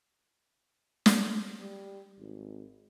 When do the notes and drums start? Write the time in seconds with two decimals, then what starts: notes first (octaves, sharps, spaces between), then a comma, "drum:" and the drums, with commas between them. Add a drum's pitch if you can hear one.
1.06 drum: snare
1.60 G3
2.19 G#1